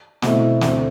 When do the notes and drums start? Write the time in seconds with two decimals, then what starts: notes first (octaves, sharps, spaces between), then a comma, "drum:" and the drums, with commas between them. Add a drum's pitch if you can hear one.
0.22 B2 A3 C4 E4, drum: snare
0.61 D2 D3 A3 C4, drum: snare